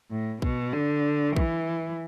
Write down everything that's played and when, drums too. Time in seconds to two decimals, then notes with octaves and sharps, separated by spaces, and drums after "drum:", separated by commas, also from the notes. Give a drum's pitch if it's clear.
0.11 A2
0.42 B2, drum: kick
0.73 D3
1.36 E3, drum: kick